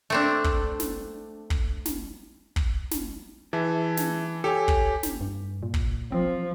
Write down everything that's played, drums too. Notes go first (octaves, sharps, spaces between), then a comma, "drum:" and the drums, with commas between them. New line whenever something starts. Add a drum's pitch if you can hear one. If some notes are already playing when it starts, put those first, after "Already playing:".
A3 C4 D4
drum: kick
drum: snare
drum: kick
drum: snare
drum: kick
drum: snare
E3 G#4 E5 A5
drum: snare
G4 A4 C#5 G#5
drum: kick
drum: snare
G2
A#2
drum: kick
F3 C4